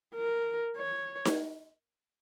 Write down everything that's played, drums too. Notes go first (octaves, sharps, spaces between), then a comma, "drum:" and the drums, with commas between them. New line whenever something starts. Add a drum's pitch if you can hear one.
A#4
C#5
drum: snare D#4